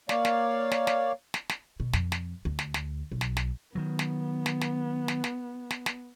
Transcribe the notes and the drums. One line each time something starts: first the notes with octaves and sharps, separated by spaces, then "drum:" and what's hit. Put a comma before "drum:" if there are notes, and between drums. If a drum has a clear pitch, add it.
A#3 C#5 D5 F5, drum: snare
drum: snare
drum: snare
drum: snare
drum: snare
drum: snare
B2
F2, drum: snare
drum: snare
D2
drum: snare
drum: snare
B1
drum: snare
drum: snare
D#3 F#3 B3
drum: snare
drum: snare
drum: snare
drum: snare
drum: snare
drum: snare
drum: snare